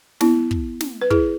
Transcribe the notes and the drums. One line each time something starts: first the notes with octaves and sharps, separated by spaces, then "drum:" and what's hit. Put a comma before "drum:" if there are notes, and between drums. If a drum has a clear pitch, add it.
B3 E4, drum: snare
drum: kick
drum: snare
B4
E4 G#4, drum: kick